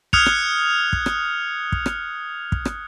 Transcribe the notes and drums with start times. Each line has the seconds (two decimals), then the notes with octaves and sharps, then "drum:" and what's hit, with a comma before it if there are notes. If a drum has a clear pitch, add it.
0.13 D#6 F6 F#6 G#6 C#7 F7, drum: kick
0.26 drum: rim click
0.93 drum: kick
1.06 drum: rim click
1.72 drum: kick
1.86 drum: rim click
2.52 drum: kick
2.65 drum: rim click